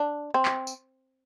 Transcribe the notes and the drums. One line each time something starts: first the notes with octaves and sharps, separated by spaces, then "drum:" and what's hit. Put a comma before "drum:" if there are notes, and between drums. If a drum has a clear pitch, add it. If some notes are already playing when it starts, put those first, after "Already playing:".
Already playing: D4
C4
drum: clap
drum: tambourine